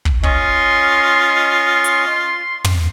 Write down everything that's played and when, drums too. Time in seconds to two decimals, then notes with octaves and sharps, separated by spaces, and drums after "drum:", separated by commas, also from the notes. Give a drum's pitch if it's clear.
0.05 drum: kick
0.23 C#4 F4 D#5 C6 C#6, drum: kick
1.84 drum: hi-hat
2.64 drum: tom